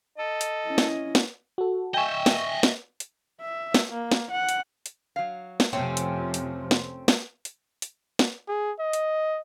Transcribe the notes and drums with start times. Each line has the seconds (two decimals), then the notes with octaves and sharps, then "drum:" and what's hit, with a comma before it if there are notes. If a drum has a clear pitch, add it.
0.18 A4 D#5
0.41 drum: hi-hat
0.67 C#4 E4
0.78 drum: snare
1.15 drum: snare
1.58 F#4 A4
1.94 D#5 E5 G5 G#5 C#6
2.26 drum: snare
2.63 drum: snare
3.00 drum: hi-hat
3.41 E5
3.74 drum: snare
3.89 A#3
4.12 drum: snare
4.30 F#5
4.49 drum: hi-hat
4.86 drum: hi-hat
5.16 F#3 F5
5.60 drum: snare
5.73 F2 C3 F3 A3 C4 C#4 G5
5.97 drum: hi-hat
6.34 drum: hi-hat
6.71 drum: snare
7.08 drum: snare
7.45 drum: hi-hat
7.82 drum: hi-hat
8.19 drum: snare
8.48 G#4
8.79 D#5
8.93 drum: hi-hat